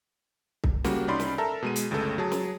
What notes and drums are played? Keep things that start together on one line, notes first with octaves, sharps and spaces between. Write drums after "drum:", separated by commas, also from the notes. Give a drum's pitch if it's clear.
drum: kick C2
C#3 G3 A#3 F#4, drum: snare
C2 C#4 D#4 D5 B5 C6
drum: snare
A4 A#4 E5 A5 A#5
B2 G#3 D#7
drum: hi-hat
G1 C#2 C#3 A3 A4
F#3 G#4 A5
drum: snare